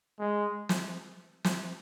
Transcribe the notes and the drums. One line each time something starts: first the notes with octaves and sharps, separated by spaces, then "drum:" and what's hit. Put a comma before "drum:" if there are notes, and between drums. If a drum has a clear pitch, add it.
G#3
drum: snare
drum: snare